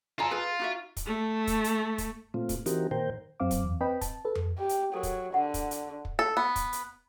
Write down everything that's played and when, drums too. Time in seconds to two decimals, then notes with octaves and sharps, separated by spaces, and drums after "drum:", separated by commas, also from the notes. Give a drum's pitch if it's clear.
0.19 F4 A4 D#5 G#5 A#5
0.31 F4 G#4 B4
0.59 D#4 F#4 E5
0.97 drum: kick, hi-hat
1.06 A3
1.47 drum: kick, hi-hat
1.64 drum: hi-hat
1.98 drum: kick, hi-hat
2.34 A#2 A3 C4 F4
2.49 drum: kick, hi-hat
2.66 E3 C4 D#4 F#4 G4 A#4, drum: hi-hat
2.91 A#2 D#3 A#4 C5 G5
3.40 F#2 F#3 C4 F5 D6
3.51 drum: kick, hi-hat
3.64 E2
3.81 C4 B4 D#5 G5 B5
4.01 A5, drum: kick, hi-hat
4.25 A4 B4
4.35 drum: tom F2
4.58 G4
4.69 drum: hi-hat
4.94 F#3 A4 A#4
5.03 drum: kick, hi-hat
5.34 D3 F#5
5.54 drum: kick, hi-hat
5.71 drum: hi-hat
6.05 drum: kick
6.19 A4
6.37 B3
6.56 drum: kick, hi-hat
6.73 drum: hi-hat